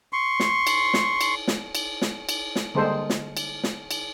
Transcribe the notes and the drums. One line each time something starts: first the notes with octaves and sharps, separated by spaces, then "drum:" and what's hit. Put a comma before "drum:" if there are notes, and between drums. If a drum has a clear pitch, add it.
C6 C#6
drum: snare
drum: cymbal
drum: snare
drum: cymbal
drum: snare
drum: cymbal
drum: snare
drum: cymbal
drum: snare
D3 G3 G#3 A#3 A4 C5
drum: snare
drum: cymbal
drum: snare
drum: cymbal